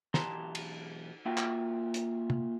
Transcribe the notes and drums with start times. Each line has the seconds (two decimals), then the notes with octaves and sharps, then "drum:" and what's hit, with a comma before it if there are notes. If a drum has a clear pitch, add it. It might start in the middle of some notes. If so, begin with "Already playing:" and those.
0.14 B1 E3 G4 A5 A#5 C6, drum: snare
0.55 drum: cymbal
1.26 A#3 F4 F#4 E5 G5
1.38 drum: clap
1.94 drum: hi-hat
2.30 drum: tom